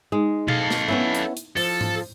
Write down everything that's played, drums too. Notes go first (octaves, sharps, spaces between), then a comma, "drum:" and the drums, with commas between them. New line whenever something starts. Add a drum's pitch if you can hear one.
G#3 D#4
A4 F5, drum: tom B2
drum: snare
B3 C#4 E4
drum: hi-hat
drum: hi-hat
F3 A4, drum: open hi-hat
drum: tom G#2